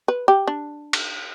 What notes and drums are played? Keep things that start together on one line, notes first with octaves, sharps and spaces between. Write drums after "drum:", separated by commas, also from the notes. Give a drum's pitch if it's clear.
B4
G4
D4
drum: cymbal